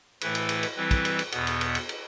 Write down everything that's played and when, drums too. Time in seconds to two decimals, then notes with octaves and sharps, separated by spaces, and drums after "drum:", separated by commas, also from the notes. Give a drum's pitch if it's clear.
0.21 A2 E3 A3 E4 B4, drum: cymbal
0.35 drum: cymbal
0.49 drum: cymbal
0.63 drum: cymbal
0.76 E3 G3 C4 E4 B4
0.91 drum: kick, cymbal
1.05 drum: cymbal
1.19 drum: cymbal
1.32 E2 B2 B3, drum: cymbal
1.47 drum: cymbal
1.61 drum: cymbal
1.75 drum: cymbal
1.89 drum: cymbal